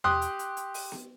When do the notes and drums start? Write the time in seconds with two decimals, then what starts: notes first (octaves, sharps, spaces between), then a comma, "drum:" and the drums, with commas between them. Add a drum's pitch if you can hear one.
0.04 G4 C6 D#6 F#6, drum: tom E2
0.22 drum: hi-hat
0.39 drum: hi-hat
0.57 drum: hi-hat
0.74 drum: open hi-hat
0.92 drum: snare B3